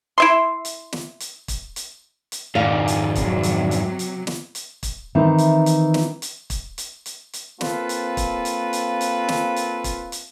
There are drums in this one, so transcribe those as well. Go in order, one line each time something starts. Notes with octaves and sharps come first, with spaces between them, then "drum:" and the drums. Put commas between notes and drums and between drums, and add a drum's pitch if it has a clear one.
E4 E5 C6
drum: hi-hat
drum: snare
drum: hi-hat
drum: kick, hi-hat
drum: hi-hat
drum: hi-hat
F2 G#2 D#3 D5 F5
drum: hi-hat
C3 F#3, drum: kick, hi-hat
drum: hi-hat
drum: hi-hat
drum: hi-hat
drum: snare
drum: hi-hat
drum: kick, hi-hat
D#3 E3 C4
drum: hi-hat
drum: hi-hat
drum: snare
drum: hi-hat
drum: kick, hi-hat
drum: hi-hat
drum: hi-hat
drum: hi-hat
A#3 C4 F4 A4 B4, drum: snare
drum: hi-hat
drum: kick, hi-hat
drum: hi-hat
drum: hi-hat
drum: hi-hat
drum: snare
drum: hi-hat
drum: kick, hi-hat
drum: hi-hat